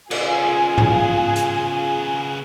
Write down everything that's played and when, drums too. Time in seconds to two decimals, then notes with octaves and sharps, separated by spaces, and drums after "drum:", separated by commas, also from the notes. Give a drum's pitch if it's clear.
0.11 C#3 B3 F4 G#4, drum: cymbal
0.78 drum: tom G#2
1.36 drum: hi-hat